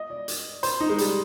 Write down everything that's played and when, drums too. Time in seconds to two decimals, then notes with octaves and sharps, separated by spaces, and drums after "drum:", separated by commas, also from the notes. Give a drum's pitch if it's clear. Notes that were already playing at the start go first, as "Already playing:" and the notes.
Already playing: D#5
0.10 D5
0.28 drum: hi-hat
0.63 C5, drum: hi-hat
0.81 D#4
0.90 G#3
0.98 G3, drum: hi-hat